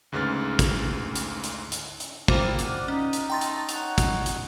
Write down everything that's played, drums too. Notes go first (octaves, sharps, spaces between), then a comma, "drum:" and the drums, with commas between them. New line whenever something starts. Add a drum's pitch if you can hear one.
D2 G#2 C#3 B4 F6 A6
drum: kick, hi-hat
drum: hi-hat
drum: hi-hat
drum: hi-hat
drum: hi-hat
A#3 E4 F4 C5 D5 G5, drum: kick
D5 F#5, drum: hi-hat
C#4 D#4
drum: hi-hat
A3 G5 A#5 C6 A6
drum: hi-hat
C#5 F#5 F7, drum: hi-hat
drum: kick, hi-hat
drum: hi-hat